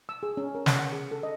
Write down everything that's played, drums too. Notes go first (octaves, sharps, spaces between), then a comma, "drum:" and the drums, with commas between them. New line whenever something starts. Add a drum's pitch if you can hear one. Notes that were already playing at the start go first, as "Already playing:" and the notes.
E6
G#4
C#4
A#4
C#4, drum: snare
F#5
G#4
A4
D#5